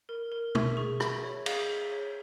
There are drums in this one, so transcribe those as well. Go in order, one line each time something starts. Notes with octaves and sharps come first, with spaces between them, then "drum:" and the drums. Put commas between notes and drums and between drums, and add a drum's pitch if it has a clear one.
A#4
A#4
E5, drum: tom
G#4 C#6
E5, drum: rim click
C#5
G#4, drum: cymbal
G#4
C#5